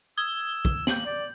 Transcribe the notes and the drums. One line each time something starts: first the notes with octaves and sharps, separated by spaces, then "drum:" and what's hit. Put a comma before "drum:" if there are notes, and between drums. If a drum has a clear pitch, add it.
D#6 E6 G#6 G7
drum: kick
A#3 G6 F#7, drum: snare
D5